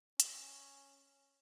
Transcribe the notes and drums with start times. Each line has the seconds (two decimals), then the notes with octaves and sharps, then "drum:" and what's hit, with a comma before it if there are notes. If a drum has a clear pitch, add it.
0.20 C#4, drum: hi-hat